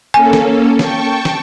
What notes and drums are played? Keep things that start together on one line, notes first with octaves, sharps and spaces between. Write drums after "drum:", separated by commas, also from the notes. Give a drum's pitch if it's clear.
A#3 C#4 A4 G#5
drum: snare
G5 A5 C#6, drum: snare
drum: snare